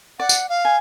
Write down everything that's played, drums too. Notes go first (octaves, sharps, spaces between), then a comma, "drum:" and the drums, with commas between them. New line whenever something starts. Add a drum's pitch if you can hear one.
D5 F#5
drum: tambourine
F5
G#5